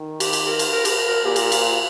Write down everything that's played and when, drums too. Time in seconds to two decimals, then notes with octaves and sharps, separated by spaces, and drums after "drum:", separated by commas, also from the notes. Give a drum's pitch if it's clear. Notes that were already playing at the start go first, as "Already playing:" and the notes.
Already playing: D#3
0.20 G4, drum: cymbal
0.33 drum: cymbal
0.46 A#4
0.59 drum: cymbal
0.73 A#4
0.85 G4, drum: cymbal
0.90 A#4
1.08 A#4
1.25 A#2 G4
1.36 A#4, drum: cymbal
1.44 G4
1.52 F4, drum: cymbal